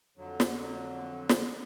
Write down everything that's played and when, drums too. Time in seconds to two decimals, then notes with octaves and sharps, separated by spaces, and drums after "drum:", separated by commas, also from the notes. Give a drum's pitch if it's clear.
0.17 F2 D3 F#3
0.40 drum: snare
1.29 drum: snare